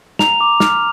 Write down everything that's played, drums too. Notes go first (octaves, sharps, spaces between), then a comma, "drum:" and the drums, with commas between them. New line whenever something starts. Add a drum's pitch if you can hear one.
A#5 F7, drum: snare
D6
F6, drum: snare